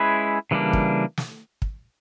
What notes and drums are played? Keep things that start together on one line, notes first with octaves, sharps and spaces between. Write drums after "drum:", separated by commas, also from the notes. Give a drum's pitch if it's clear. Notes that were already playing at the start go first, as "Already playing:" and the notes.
Already playing: G#3 C#4 E4 G#4 B4
C#3 E3 G3 A#3 D4
drum: kick
drum: snare
drum: kick